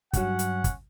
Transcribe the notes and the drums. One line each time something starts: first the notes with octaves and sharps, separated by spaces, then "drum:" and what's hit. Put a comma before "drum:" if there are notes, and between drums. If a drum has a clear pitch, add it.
G2 F#3 C#4 F#5, drum: kick, hi-hat
drum: hi-hat
drum: kick, hi-hat